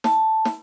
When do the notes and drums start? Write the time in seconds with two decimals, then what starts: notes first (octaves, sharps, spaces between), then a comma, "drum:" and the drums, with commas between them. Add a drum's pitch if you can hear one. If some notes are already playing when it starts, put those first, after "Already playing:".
0.04 A5, drum: snare
0.45 drum: snare